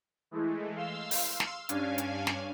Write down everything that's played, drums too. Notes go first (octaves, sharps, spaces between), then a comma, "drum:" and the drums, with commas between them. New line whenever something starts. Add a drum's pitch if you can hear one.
E3 G#3 A3
F5 C6 E6
drum: open hi-hat
drum: snare
G2 C#4 D4 F5 G#5, drum: hi-hat
drum: hi-hat
drum: snare